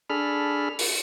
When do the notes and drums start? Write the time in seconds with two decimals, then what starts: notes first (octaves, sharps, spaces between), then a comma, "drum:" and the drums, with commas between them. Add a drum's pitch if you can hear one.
0.10 D4 G#4 A4 B5 F6
0.79 drum: open hi-hat